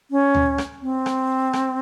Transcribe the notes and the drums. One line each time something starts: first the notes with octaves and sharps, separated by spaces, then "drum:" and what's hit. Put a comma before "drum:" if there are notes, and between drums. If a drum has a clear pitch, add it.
C#4
drum: tom D2
drum: rim click
C4
drum: rim click
drum: rim click